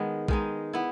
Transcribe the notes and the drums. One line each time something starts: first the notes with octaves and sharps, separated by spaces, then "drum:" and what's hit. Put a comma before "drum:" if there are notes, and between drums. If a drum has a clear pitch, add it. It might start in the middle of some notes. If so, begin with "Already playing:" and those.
Already playing: D#3 G#3 B3
D#3 G#3 D#4, drum: kick A#1
B3 E4